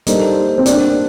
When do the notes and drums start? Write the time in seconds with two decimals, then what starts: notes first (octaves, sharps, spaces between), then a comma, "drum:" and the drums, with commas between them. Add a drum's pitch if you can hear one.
0.07 G3 A#3 D4 D#4 A4 C5, drum: hi-hat
0.58 C4
0.66 D4, drum: hi-hat